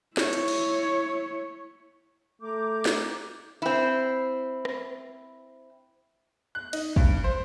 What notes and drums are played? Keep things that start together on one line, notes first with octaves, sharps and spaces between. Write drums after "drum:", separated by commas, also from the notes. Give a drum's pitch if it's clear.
E4 C#5, drum: snare
drum: hi-hat
drum: cymbal
A3 A#5 D6 G6
drum: snare
C4 E4
drum: rim click
F#6
D#4, drum: cymbal
G2, drum: kick
C5